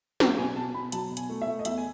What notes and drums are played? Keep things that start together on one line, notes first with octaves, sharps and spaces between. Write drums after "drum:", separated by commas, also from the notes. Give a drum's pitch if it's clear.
F#3 A4, drum: snare
B2 G#5
B2 A5
B2 B5
F#3 A5, drum: hi-hat
B2
G#5, drum: hi-hat
A3
E5
A3
D#5
E2 E5, drum: hi-hat
G#5